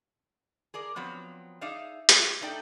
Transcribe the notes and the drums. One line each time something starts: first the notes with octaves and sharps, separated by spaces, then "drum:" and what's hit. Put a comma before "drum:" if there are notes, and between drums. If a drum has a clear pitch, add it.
G#4 A#4 D5
F3 F#3 B3 C4
D#4 G#4 D5 E5 F5
G4, drum: hi-hat
A3 D#4 D5 G5